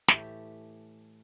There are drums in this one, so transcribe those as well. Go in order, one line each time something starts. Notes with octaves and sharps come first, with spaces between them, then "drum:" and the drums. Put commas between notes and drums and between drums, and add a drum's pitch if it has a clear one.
A2 E3 A3 G4, drum: snare